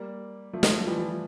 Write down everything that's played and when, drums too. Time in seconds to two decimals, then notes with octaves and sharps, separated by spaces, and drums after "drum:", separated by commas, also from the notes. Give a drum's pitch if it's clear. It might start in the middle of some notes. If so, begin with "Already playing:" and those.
Already playing: G3 A#3
0.53 F3 A3
0.63 drum: snare
0.81 F3
0.86 E3 G3
0.98 F3
1.10 E3